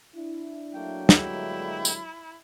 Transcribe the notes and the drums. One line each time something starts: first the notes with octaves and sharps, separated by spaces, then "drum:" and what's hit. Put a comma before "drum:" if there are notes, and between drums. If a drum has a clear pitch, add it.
D4 E4
F#3 A3 A#3 G5
G2 D3 G#3 E4, drum: snare
drum: tambourine